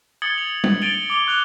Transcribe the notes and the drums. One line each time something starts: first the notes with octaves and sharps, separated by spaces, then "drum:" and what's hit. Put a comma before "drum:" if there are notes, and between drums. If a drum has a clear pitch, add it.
D#6 G#6 A6 C#7 F#7 G7
F7
drum: tom G3
A6 D7 D#7 F7 G7
D6 F7 G7
C#6 F#6 F7 G7